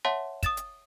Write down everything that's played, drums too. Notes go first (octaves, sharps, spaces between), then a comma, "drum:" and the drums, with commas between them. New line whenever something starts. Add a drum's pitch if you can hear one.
C#5 E5 F#5 A5 C6
D#6 A6 E7, drum: kick, hi-hat
drum: hi-hat